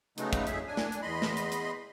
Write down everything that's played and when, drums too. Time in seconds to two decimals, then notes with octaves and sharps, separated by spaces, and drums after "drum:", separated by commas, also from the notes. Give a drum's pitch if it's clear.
0.18 C#3 F#3 G#3 A3 B3 D#4, drum: hi-hat
0.33 drum: kick, hi-hat
0.47 F2 G#4 E5, drum: hi-hat
0.67 D4 G#5
0.77 drum: snare
0.92 drum: hi-hat
1.02 E2 D#5 B5 C6
1.22 drum: snare
1.37 drum: hi-hat
1.52 drum: hi-hat